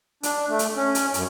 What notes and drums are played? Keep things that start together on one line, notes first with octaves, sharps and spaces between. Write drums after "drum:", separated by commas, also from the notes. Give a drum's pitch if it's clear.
D4, drum: hi-hat
A3
drum: hi-hat
C#4
drum: hi-hat
F#2, drum: hi-hat